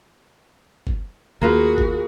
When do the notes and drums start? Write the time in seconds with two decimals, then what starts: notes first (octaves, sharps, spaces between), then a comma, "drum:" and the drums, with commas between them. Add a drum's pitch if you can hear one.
0.87 drum: kick G1
1.42 D#2 A#3 F4 F#4 G#4 B4
1.78 drum: kick G1